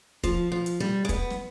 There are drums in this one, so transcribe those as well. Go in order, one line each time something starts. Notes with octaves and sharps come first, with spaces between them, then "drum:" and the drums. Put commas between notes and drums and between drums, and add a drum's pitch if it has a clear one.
F3, drum: kick, hi-hat
F3
drum: hi-hat
G3
G#3
B3, drum: kick, hi-hat
drum: snare